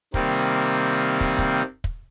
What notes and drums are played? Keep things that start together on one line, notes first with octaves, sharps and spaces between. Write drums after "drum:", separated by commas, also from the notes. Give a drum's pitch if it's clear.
C3 D#3 G3 A#3 C4, drum: kick
drum: kick
drum: kick
drum: kick